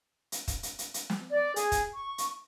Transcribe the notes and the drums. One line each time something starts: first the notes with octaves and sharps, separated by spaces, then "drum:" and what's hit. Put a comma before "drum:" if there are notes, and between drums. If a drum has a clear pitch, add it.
drum: hi-hat
drum: kick, hi-hat
drum: hi-hat
drum: hi-hat
drum: hi-hat
drum: snare
D5
G#4, drum: hi-hat
drum: kick, hi-hat
C#6
drum: hi-hat